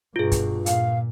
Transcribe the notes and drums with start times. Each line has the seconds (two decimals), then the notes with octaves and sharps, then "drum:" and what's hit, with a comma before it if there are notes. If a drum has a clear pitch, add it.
0.16 G2 B2 F4 G#4
0.32 drum: kick, hi-hat
0.66 A#2 F5, drum: hi-hat